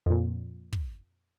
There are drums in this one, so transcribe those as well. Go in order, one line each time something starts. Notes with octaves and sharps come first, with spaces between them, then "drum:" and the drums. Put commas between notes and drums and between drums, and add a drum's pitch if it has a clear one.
F2 A#2
drum: kick